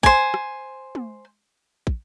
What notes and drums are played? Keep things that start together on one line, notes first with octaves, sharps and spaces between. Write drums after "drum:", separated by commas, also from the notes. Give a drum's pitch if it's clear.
C5 G#5, drum: kick
drum: rim click
drum: tom
drum: kick